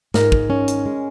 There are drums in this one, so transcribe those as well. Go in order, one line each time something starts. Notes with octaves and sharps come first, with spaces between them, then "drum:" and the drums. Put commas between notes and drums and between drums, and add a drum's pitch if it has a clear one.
G#2 A#4, drum: snare
drum: kick
C#4
drum: hi-hat
G#3